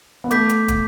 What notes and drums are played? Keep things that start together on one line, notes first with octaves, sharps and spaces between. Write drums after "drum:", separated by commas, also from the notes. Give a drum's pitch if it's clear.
B3
A3 D6 G6 B6, drum: hi-hat
drum: hi-hat
drum: kick, hi-hat